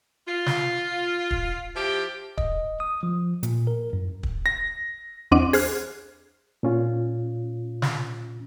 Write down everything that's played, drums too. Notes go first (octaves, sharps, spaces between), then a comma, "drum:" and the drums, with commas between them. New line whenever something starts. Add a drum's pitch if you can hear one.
F4
drum: snare
drum: kick
F3 E4 G4
D#5, drum: kick
D#6
F3
A#2, drum: hi-hat
A#4
F#2
drum: kick
A#6
E2 C4 D4 D#5 F#5 D6
G#4 C5 F6 F#6, drum: open hi-hat
A#2 C#4 F4
drum: snare